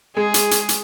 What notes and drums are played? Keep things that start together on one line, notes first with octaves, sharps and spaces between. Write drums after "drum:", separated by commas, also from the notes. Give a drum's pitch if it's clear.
G#3 G#4
drum: hi-hat
drum: hi-hat
drum: hi-hat